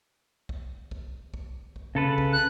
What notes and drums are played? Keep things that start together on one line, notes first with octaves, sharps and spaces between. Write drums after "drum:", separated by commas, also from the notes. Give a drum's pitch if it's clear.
drum: kick B1
drum: kick B1
drum: kick B1
drum: kick B1
C#3 A4 B4
drum: kick B1
F#6